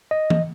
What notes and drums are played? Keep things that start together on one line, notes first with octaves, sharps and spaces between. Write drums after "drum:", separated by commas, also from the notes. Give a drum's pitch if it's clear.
D#5
drum: tom E3